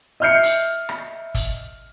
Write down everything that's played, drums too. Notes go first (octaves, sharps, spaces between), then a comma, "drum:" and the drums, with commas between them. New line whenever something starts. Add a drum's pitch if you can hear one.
D#5 E5 F6 G6 C7 C#7
drum: hi-hat
drum: rim click
drum: kick, hi-hat